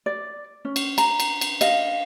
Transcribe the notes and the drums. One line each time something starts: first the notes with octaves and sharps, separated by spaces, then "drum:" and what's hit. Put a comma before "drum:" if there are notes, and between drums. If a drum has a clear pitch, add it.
D5
C#4
drum: cymbal
A#5, drum: cymbal
drum: cymbal
drum: cymbal
D#5 F5, drum: cymbal